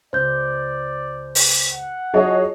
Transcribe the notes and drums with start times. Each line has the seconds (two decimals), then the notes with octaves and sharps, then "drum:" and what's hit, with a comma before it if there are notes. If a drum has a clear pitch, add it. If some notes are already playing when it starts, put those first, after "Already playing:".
0.13 C#2 C5 D5 G6
1.35 drum: open hi-hat
1.72 F#5
2.14 F#3 F4 G#4 C#5 D#5 A5